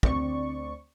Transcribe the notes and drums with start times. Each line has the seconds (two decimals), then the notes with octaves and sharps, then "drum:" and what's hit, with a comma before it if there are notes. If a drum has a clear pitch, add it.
0.03 D2 C4 D5 C#6, drum: kick